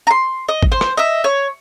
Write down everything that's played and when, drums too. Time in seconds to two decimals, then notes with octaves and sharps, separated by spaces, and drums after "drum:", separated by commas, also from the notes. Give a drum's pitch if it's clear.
0.07 A#5 C6
0.48 D#5
0.63 drum: kick
0.72 C5
0.81 drum: rim click
0.97 D#5 E5
1.24 C#5